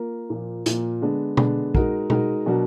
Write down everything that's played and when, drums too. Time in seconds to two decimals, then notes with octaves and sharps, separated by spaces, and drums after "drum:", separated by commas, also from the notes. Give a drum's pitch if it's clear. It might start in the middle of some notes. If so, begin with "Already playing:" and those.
Already playing: A#3 F4 A#4
0.30 A#2 F3 A#3
0.66 A#2 F3 A#3, drum: hi-hat
1.01 D3 G#3 B3 D4
1.37 D3 G#3 B3 D4, drum: tom B2
1.75 G#3 D#4 F#4 A#4, drum: kick
2.10 G#3 D#4 F#4 A#4, drum: tom B2
2.46 B2 F#3 D4 F#4 A#4